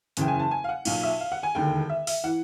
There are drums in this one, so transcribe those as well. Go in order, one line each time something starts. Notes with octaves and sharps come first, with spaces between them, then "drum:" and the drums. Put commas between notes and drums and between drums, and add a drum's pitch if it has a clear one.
F#1 E2 C#3 E3 G5, drum: hi-hat
G#5
A5
G#5
F5
F#5
B1 A#2 F5, drum: cymbal
E5
F5
F#5
G#5
E1 D#2 D3 G5
E5
E5, drum: open hi-hat
E3 F#5